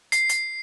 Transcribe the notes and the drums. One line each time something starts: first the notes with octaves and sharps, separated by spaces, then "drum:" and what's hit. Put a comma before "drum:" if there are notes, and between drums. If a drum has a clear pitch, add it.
C7, drum: hi-hat
drum: hi-hat